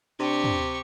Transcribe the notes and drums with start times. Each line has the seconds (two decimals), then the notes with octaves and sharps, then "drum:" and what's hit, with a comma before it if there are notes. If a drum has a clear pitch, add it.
0.20 C3 D4 G4 C#6
0.44 drum: tom